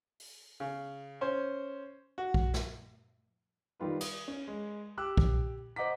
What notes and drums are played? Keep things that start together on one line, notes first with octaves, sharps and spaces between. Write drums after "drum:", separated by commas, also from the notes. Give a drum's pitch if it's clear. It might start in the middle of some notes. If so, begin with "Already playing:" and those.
drum: open hi-hat
C#3
C#4 C5
F#4
drum: kick B1
drum: snare
D#3 G3 F4 B4
D#6, drum: cymbal
C#4
G#3
G4 D6 E6 F#6
drum: kick B1
C5 D#5 F#5 A#5 D6 B6